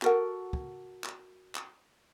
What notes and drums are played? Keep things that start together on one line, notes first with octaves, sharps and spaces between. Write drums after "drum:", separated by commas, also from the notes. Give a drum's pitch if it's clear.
F#4 A4 A#4 F#5, drum: clap
drum: kick
drum: clap
drum: clap